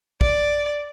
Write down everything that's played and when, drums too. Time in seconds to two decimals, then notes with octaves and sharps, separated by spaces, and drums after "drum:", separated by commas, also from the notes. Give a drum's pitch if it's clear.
0.21 D5, drum: kick